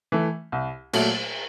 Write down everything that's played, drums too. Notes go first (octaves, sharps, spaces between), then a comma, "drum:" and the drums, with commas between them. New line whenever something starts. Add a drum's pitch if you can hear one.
E3 A3
C2
A#2 F#3 A3, drum: cymbal